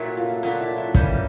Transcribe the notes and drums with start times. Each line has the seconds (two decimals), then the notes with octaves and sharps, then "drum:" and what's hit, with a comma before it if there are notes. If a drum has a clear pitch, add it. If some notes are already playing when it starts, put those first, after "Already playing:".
Already playing: A#2 F#3 A3 E4
0.17 F4
0.43 A#2 F#3 A3 D4 F4
0.61 E4
0.78 E4
0.95 E3 G3 A#3 C#4, drum: kick